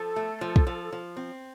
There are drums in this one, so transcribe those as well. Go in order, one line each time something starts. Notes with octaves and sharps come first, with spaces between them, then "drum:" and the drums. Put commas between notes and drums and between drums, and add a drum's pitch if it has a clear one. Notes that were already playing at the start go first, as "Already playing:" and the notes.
Already playing: F3 A4
A3
F3
drum: kick
F3
F3
C4